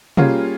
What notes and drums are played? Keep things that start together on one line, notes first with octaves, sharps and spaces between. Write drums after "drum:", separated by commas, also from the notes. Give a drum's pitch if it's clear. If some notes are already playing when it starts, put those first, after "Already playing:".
G3 A#3 C#4 F4 G#4, drum: tom